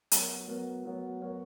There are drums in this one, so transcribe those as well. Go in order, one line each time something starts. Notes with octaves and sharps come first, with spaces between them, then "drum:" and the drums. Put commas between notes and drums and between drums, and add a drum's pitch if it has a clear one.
F#3 B3 F#4 A#4 C#5, drum: hi-hat
F#3 B3 F#4 A#4 C#5
F#3 B3 F#4 A#4 C#5
F#3 B3 F#4 A#4 C#5